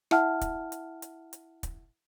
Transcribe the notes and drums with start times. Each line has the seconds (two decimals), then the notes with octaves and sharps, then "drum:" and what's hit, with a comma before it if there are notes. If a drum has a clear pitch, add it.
0.11 E4 E5 F#5 A5 F6, drum: rim click
0.41 drum: kick, hi-hat
0.72 drum: hi-hat
1.02 drum: hi-hat
1.33 drum: hi-hat
1.63 drum: kick, hi-hat